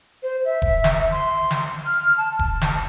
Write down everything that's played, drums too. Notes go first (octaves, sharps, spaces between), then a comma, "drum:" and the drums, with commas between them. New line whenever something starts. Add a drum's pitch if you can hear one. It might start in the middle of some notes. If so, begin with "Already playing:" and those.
C5
E5
drum: kick E1
drum: snare
C6
drum: snare
F6
A5
drum: kick E1
drum: snare